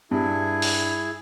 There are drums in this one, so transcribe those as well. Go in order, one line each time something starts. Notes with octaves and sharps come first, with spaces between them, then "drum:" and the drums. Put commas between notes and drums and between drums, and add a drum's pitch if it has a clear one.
G2 E4 G#4
drum: open hi-hat